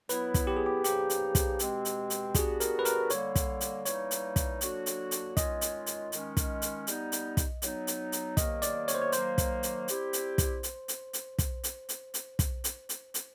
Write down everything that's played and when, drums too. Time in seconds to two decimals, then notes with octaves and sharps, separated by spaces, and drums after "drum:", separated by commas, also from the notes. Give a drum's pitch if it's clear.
0.09 F#3 B3 E4 B4, drum: hi-hat
0.34 drum: kick, hi-hat
0.47 G4
0.57 G#4
0.66 G4
0.84 C#3 F3 A#3 D#4 G4, drum: hi-hat
1.10 drum: hi-hat
1.35 drum: kick, hi-hat
1.59 B2 G#3 C4, drum: hi-hat
1.85 drum: hi-hat
2.10 drum: hi-hat
2.35 G3 B3 D4 F#4 G#4, drum: kick, hi-hat
2.60 A#4, drum: hi-hat
2.79 B4
2.85 A#4, drum: hi-hat
3.10 D3 G3 A#3 C#5, drum: hi-hat
3.35 drum: kick, hi-hat
3.61 drum: hi-hat
3.85 E3 G3 A#3 D#4 C#5, drum: hi-hat
4.11 drum: hi-hat
4.36 drum: kick, hi-hat
4.61 D3 F#3 A#3 D4 F#4, drum: hi-hat
4.86 drum: hi-hat
5.11 drum: hi-hat
5.37 D#3 G#3 C#4 F4 D#5, drum: kick, hi-hat
5.61 drum: hi-hat
5.86 drum: hi-hat
6.12 D#3 G#3 C#4, drum: hi-hat
6.37 drum: kick, hi-hat
6.62 drum: hi-hat
6.87 G3 B3 D#4, drum: hi-hat
7.12 drum: hi-hat
7.37 drum: kick, hi-hat
7.62 F#3 B3 D#4, drum: hi-hat
7.87 drum: hi-hat
8.12 drum: hi-hat
8.37 C3 D#3 F#3 A#3 D#5, drum: kick, hi-hat
8.62 D5, drum: hi-hat
8.88 C#5, drum: hi-hat
8.95 C5
9.02 C#5
9.12 D#3 F#3 A#3 C5, drum: hi-hat
9.38 drum: kick, hi-hat
9.63 drum: hi-hat
9.88 G3 C4 E4 G4, drum: hi-hat
10.13 drum: hi-hat
10.38 drum: kick, hi-hat
10.63 drum: hi-hat
10.88 drum: hi-hat
11.13 drum: hi-hat
11.39 drum: kick, hi-hat
11.64 drum: hi-hat
11.89 drum: hi-hat
12.14 drum: hi-hat
12.39 drum: kick, hi-hat
12.64 drum: hi-hat
12.89 drum: hi-hat
13.14 drum: hi-hat